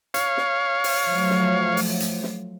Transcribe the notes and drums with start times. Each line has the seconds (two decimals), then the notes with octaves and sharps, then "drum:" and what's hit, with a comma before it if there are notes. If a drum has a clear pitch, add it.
0.14 C#5 F5, drum: hi-hat
0.37 drum: snare
0.84 drum: open hi-hat
1.09 F3 F#3 A3
1.30 drum: snare
1.77 drum: open hi-hat
2.00 drum: hi-hat
2.23 drum: snare